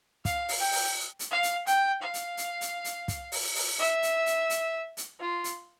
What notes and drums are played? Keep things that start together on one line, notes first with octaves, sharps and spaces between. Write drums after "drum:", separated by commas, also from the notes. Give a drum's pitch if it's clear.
F5, drum: kick, hi-hat
drum: open hi-hat
G5
drum: open hi-hat
drum: hi-hat
F5
drum: hi-hat
G5, drum: hi-hat
F5
drum: hi-hat
drum: hi-hat
drum: hi-hat
drum: hi-hat
drum: kick, hi-hat
drum: open hi-hat
drum: open hi-hat
E5
drum: hi-hat
drum: hi-hat
drum: hi-hat
drum: hi-hat
F4
drum: hi-hat